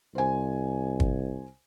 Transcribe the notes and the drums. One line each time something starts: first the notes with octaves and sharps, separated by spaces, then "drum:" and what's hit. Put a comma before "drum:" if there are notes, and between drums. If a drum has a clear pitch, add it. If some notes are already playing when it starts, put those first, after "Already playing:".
C2 C5 G#5
drum: kick G1